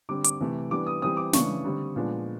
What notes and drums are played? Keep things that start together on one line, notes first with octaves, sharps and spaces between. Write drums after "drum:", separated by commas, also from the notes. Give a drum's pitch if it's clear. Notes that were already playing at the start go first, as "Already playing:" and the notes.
D3 G3 C4 D6
D6, drum: hi-hat
C3 E3 A3
E3 G3 B3 D4 D6
D#6
E3 G3 C4 D#6
D6
C#3 E3 A3 D4 C#6, drum: snare
D3 G3 C4
A#2 F3 G#3 B3 D4